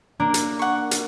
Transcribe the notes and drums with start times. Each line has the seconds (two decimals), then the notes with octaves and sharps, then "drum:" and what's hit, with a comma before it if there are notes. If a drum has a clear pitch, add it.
0.20 A#3 D4 A#4
0.34 drum: hi-hat
0.59 F#5 C#6
0.91 drum: hi-hat